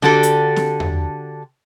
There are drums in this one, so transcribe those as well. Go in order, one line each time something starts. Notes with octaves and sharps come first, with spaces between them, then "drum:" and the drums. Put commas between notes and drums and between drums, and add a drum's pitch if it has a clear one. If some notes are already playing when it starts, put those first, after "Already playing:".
D3 F#4 G4 A4, drum: snare C4
drum: hi-hat
drum: snare C4
drum: tom E2